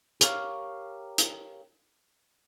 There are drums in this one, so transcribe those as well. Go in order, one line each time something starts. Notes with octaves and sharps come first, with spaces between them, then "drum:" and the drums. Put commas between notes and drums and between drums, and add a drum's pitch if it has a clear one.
G4 A#4 C#5 F5, drum: hi-hat
drum: hi-hat